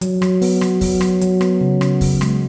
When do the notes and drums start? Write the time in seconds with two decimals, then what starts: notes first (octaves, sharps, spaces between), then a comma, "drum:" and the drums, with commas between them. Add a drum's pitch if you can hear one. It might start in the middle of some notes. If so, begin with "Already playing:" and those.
0.01 F#3, drum: hi-hat
0.22 F#3, drum: rim click
0.42 B3, drum: open hi-hat
0.61 F#3, drum: rim click
0.81 F#3, drum: kick, open hi-hat
1.01 F#3, drum: rim click
1.21 F#3, drum: hi-hat
1.41 B3, drum: rim click
1.61 C#3
1.81 C#3, drum: rim click
2.01 C#3, drum: kick, open hi-hat
2.21 G#3, drum: rim click